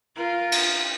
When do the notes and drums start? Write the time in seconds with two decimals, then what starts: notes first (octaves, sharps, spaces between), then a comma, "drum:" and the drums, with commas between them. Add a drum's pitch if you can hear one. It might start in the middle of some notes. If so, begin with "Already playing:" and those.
0.16 F4 A#4
0.52 drum: cymbal